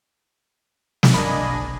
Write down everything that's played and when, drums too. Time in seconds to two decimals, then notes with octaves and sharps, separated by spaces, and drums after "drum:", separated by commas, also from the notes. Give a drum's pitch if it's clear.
1.03 drum: snare
1.14 F#1 B1 A#3 D4 D#5 G#5 B5